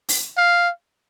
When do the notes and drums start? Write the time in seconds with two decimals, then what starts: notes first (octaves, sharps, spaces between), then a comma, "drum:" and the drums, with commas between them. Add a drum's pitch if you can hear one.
0.09 drum: open hi-hat
0.38 F5